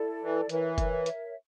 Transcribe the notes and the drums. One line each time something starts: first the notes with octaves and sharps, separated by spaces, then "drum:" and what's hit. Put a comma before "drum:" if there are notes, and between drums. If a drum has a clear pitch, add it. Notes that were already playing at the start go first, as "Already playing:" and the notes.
Already playing: E4 A4 D5
E3
E3 A#4 C#5 E5, drum: hi-hat
drum: kick F#1, hi-hat
drum: hi-hat